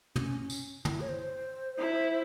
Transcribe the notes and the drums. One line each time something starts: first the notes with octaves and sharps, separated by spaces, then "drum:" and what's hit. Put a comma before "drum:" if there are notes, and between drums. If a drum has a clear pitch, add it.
C#4, drum: tom
C#4
drum: tambourine
E4, drum: tom
C#5
C5
E4